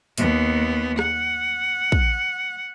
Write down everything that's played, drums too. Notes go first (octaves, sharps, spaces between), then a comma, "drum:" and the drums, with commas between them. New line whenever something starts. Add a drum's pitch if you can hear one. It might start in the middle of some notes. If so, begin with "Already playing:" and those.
D#2 B3, drum: hi-hat
F#5, drum: rim click
drum: kick